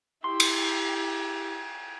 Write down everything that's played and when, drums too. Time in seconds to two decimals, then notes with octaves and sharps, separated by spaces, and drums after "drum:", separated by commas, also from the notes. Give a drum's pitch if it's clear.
0.24 E4 G4 C6
0.40 drum: cymbal